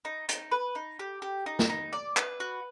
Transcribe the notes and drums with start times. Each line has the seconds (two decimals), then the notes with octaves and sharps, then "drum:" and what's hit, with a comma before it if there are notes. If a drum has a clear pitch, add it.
0.05 D#4
0.29 D#4, drum: hi-hat
0.52 B4
0.75 D#4
0.99 G4
1.22 G4
1.46 D#4
1.59 drum: snare
1.70 D#4
1.93 D5
2.17 B4, drum: clap
2.40 F#4